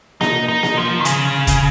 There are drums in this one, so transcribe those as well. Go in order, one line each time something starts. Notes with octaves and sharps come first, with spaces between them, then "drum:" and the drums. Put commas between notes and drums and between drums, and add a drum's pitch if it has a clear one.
D#4, drum: snare A#3
D#4
drum: snare A#3
F3
D#3
C#3, drum: hi-hat
drum: kick, hi-hat